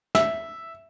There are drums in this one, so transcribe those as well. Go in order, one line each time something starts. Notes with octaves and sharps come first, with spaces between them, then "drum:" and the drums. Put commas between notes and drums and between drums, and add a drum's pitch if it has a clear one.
E5, drum: snare